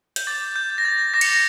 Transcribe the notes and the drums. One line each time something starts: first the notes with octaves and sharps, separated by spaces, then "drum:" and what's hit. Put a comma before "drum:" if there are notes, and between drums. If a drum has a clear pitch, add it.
G6, drum: hi-hat
D6 A6
G6
G6
A#6
A6
D6 A#6
C#7, drum: cymbal
A#6